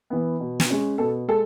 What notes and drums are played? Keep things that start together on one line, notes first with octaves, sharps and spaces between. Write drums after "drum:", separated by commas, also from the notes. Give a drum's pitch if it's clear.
E3 B3
B2
drum: snare
G#3 C#4
B2 A4
G#3 A4